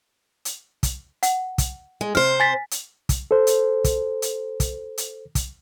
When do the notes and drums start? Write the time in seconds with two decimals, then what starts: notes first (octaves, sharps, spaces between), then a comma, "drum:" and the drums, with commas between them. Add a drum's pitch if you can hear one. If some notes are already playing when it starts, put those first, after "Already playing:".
0.45 drum: hi-hat
0.83 drum: kick, hi-hat
1.23 F#5, drum: hi-hat
1.58 drum: kick, hi-hat
2.01 G#3
2.15 C3 C5 F6
2.40 G#5 A6 B6
2.71 drum: hi-hat
3.09 drum: kick, hi-hat
3.31 A4 C5
3.47 drum: hi-hat
3.84 drum: kick, hi-hat
4.22 drum: hi-hat
4.60 drum: kick, hi-hat
4.98 drum: hi-hat
5.35 drum: kick, hi-hat